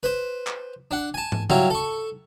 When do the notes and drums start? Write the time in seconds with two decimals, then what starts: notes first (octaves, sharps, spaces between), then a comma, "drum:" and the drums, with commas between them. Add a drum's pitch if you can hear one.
0.03 B4 C5
0.47 drum: clap
0.91 D4 F#5
1.14 G#5 A5
1.32 drum: tom
1.50 F#3 G3 E4 F4, drum: tom C#3
1.70 A4 C#6